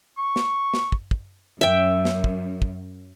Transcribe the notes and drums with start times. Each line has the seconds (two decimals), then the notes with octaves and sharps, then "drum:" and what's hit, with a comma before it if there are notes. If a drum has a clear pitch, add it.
0.17 C#6
0.36 drum: snare
0.74 drum: snare
0.92 drum: kick
1.11 drum: kick
1.61 F#2 E5 G5
2.05 drum: snare
2.24 drum: kick
2.62 drum: kick